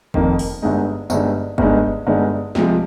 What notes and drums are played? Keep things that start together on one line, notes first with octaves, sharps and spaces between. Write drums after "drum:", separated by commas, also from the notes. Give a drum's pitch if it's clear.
F1 F2 D#3 A#3, drum: kick
drum: open hi-hat
G1 G2 D3 G#3 D#4
G1 G2 D3 G#3 D#4, drum: tambourine
G1 G2 D3 G#3 D#4, drum: kick
G1 G2 D3 G#3 D#4
C2 C3 F3 G#3, drum: snare